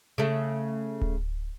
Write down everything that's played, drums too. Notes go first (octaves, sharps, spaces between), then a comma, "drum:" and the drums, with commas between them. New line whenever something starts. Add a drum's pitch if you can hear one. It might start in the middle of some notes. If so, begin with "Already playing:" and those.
C#3 A3
drum: kick D1